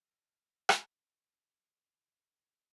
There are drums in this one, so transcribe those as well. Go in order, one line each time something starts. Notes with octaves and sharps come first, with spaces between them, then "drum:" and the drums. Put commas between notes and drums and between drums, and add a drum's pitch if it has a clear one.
E6 F6 A#6 D#7
drum: rim click